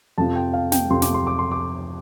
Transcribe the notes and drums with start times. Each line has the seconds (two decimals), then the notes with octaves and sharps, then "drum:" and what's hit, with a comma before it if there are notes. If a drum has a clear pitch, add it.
0.18 F2 C3 F3 A5
0.36 G5
0.54 F5
0.72 G5, drum: snare
0.90 F2 C3 F3 C6
1.02 D6, drum: snare
1.14 C6
1.27 D6
1.39 C6
1.51 D6